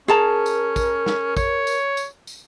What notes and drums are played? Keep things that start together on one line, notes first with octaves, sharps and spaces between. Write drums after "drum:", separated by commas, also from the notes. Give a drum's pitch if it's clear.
C#4 G#4 A#4 A5 A#5
drum: tambourine
drum: kick, tambourine
drum: snare
C#5, drum: kick, tambourine
drum: tambourine
drum: tambourine
drum: tambourine